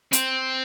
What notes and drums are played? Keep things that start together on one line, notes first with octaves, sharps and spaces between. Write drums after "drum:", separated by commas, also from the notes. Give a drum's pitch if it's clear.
C4, drum: hi-hat